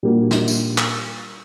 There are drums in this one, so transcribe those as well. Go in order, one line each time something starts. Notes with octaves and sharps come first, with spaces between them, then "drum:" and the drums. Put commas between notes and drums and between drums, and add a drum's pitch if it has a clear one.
A#2 G3 A#3 D4 F#4
drum: snare
drum: tambourine
drum: clap